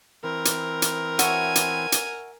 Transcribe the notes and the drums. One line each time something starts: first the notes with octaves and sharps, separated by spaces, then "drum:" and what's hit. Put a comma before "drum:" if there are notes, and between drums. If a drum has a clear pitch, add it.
E3 C4 A#4
drum: hi-hat
drum: hi-hat
F#4 C#5 E5 G#5, drum: hi-hat
drum: hi-hat
drum: hi-hat